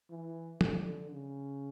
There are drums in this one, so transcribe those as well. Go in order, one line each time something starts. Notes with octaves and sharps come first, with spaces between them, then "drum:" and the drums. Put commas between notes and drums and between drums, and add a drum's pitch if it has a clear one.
E3
D3, drum: tom F3
C#3